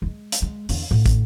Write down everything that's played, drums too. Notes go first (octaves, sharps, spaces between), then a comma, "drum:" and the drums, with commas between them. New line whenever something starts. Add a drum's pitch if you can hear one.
G3 G#3
drum: hi-hat
G#3
E2 D3, drum: open hi-hat
A2 D3
drum: kick, hi-hat